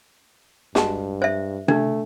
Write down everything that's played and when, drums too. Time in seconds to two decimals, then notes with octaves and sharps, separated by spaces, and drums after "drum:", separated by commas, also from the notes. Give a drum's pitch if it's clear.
0.75 G2 G#3 F#4 A5, drum: snare
1.22 C5 E5
1.68 A3 D4, drum: tom C3